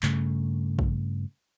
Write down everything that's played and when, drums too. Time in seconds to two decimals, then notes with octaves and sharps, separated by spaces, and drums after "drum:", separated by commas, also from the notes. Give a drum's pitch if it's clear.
0.03 G2 C#3 A3, drum: clap
0.79 drum: kick